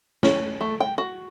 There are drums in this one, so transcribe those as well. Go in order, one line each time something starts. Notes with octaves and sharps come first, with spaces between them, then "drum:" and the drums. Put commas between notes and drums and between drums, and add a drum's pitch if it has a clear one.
C#4, drum: snare
A3
G5
F#4